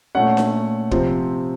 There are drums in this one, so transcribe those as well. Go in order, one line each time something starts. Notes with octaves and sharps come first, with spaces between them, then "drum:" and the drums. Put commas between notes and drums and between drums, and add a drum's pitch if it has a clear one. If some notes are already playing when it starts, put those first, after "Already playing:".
A#2 A3 C#4 F#5
drum: snare D4
C3 F3 C4, drum: kick